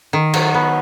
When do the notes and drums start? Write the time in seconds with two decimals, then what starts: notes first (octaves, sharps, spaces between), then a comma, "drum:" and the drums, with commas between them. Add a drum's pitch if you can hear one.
0.13 D#3
0.34 F#3, drum: cymbal
0.54 B3